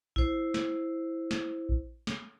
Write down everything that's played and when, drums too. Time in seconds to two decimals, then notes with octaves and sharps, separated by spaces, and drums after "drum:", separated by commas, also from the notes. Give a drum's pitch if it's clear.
0.16 E4 C5, drum: kick A#1
0.54 drum: snare
1.31 drum: snare
1.69 drum: kick A#1
2.07 drum: snare